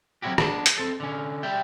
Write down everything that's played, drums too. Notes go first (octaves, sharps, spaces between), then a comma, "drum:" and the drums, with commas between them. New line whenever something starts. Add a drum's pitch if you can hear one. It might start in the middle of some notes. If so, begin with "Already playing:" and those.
F#3 C4 C#4 E4 F#4 G4
B3 D4 A5, drum: rim click
drum: hi-hat
C4 A4
D3 C#4
G3 E5 G5